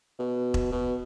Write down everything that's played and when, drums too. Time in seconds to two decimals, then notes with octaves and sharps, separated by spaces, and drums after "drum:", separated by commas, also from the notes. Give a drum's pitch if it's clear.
0.19 B2
0.54 drum: kick E1
0.72 B2